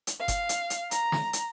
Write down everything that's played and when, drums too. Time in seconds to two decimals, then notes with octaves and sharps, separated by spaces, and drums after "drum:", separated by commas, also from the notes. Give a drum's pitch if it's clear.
0.07 drum: hi-hat
0.19 F5
0.28 drum: kick F#1, hi-hat
0.49 drum: hi-hat
0.70 drum: hi-hat
0.91 A#5, drum: hi-hat
1.12 drum: snare
1.33 drum: hi-hat